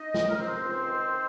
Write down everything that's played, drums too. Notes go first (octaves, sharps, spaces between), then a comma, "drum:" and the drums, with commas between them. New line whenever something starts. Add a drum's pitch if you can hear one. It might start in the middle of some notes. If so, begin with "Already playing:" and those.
Already playing: D#4 D#5
C#2, drum: snare
A#4
C3 C4 C5
C#2
D#3
D#3